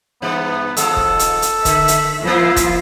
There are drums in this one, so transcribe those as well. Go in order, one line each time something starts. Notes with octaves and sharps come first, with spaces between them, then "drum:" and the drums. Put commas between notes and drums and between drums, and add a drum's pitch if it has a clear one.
G2 E3 B3
D#3 F3 G#3 A4, drum: hi-hat
drum: kick
drum: hi-hat
drum: hi-hat
D3 E5, drum: kick, hi-hat
drum: hi-hat
A#2 F3 A#3 E4 F4 C5
drum: kick, hi-hat